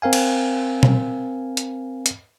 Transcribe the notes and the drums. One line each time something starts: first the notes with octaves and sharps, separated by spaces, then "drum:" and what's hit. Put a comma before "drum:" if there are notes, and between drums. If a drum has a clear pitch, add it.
C4 A#4 F5 G#5
drum: cymbal
drum: tom B2
drum: hi-hat
drum: hi-hat